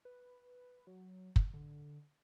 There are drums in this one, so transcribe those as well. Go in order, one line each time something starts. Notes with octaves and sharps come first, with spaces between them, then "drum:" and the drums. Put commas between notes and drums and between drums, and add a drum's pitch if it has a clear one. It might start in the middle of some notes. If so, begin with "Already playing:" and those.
B4
F#3
drum: kick
D3